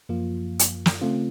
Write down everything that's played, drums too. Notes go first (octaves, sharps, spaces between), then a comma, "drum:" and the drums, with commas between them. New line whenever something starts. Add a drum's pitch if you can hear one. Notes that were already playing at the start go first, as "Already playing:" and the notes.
F#2 F3 A#3 F4
drum: hi-hat
drum: snare
C#3 A3 C4 F4